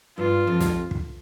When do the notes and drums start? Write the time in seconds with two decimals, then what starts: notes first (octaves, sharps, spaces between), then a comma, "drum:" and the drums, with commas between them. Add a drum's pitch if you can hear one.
0.18 G2 F4
0.47 F2
0.60 drum: snare
0.91 drum: kick